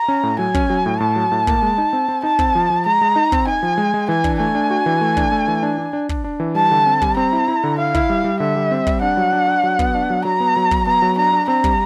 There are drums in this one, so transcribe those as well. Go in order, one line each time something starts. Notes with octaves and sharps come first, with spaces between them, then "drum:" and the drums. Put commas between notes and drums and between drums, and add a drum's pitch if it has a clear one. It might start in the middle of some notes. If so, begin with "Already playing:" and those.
Already playing: A#5
C#4
A2
F#3 G#5
C#4, drum: kick
F#3
A2
A2 A5
F#3
A2
A#3, drum: kick
G#3
D#4
C4
C4
D#4 A5
C4, drum: kick
F3
F3
G#3 A#5
G#3
D#4
C4, drum: kick
D#4 G#5
F3
G#3
G#3
E3 G#5
D4, drum: kick
A3 G#5
D4
F#4
E3
A3
D4, drum: kick
A3
E3
D4
D4
D4
D4, drum: kick
D4
E3
G3 A5
D3
C4
G3, drum: kick
C4 A#5
E4
E4
D3
E4 F5
E4, drum: kick
G3
G3
D3 E5
G3
C4
G3, drum: kick
D4 F#5
F#3
D4
D4
F#3
B3, drum: kick
D4
F#3
F#3 A#5
B3
F#3
F#3, drum: kick
B3 A#5
F#3
D4 A#5
D4
C4 A#5
G3, drum: kick